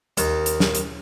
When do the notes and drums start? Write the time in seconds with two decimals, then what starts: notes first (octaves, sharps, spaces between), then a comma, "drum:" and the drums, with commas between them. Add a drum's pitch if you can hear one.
0.17 D#2, drum: hi-hat
0.46 drum: hi-hat
0.60 drum: snare
0.75 drum: hi-hat